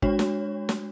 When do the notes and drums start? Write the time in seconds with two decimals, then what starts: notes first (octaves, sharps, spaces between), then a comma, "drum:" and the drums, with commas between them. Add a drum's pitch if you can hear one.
0.02 G#3 D4 F#4 C#5, drum: kick
0.19 drum: snare
0.69 drum: snare